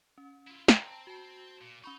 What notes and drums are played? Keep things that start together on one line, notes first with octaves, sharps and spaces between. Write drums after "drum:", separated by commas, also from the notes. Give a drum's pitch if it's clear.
C#4
E4 F4
C4 G5 A5 A#5, drum: snare
F#4 A5
A#2
C#4 D#4 B5 C#6